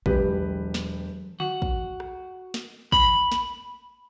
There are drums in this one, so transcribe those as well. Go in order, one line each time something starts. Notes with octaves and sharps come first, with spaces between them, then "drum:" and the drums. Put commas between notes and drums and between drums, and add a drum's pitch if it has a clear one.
E1 F#3 G4 B4, drum: kick
drum: snare
F#4, drum: tom D3
drum: kick
drum: rim click
drum: snare
B5, drum: kick
drum: snare